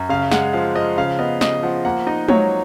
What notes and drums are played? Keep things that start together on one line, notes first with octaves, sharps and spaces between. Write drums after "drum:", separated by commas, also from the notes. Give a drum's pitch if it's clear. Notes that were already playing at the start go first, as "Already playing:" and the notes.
Already playing: F#2
C#3 F5
G#3 F#5, drum: snare
F3 F5
F3 D#5
C#3 F5
B3 D#5
C#3 D#5, drum: snare
F3 F#5
A#3 F#5
D#4 D#5
F#3 C#5, drum: tom G#3